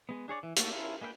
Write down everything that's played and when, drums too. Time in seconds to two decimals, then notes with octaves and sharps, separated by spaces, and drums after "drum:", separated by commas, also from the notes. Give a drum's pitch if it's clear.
0.09 G#3 B3
0.28 D4 G#4 C#5 D5
0.43 E3
0.56 A3 A#3 F4 F#4 A4, drum: hi-hat
0.71 C#4 E4 F4 A4 A#4
1.01 G#3 A#3 B4 E5 G5